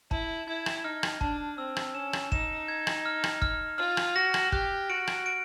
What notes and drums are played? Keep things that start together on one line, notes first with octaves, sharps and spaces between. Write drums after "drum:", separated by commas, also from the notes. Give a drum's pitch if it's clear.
E4 A5, drum: kick
E4 G#6
drum: rim click
D#4 F6
drum: rim click
D4 A5, drum: kick
C4 E6
drum: rim click
C#4 E7
drum: rim click
D#4 E7, drum: kick
G#6
drum: rim click
F6
drum: rim click
F6, drum: kick
F4 F6
drum: rim click
F#4 A#6
drum: rim click
G4 F#6, drum: kick
F#4 D7
drum: rim click
D7